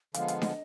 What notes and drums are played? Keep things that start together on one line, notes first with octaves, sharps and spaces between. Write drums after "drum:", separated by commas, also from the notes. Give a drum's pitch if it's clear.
D3 F3 G#3 B3 F5, drum: hi-hat
drum: hi-hat
D#5, drum: snare